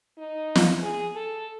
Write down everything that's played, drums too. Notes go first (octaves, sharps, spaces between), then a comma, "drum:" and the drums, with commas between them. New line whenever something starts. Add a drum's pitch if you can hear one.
D#4
drum: snare
G#4
A4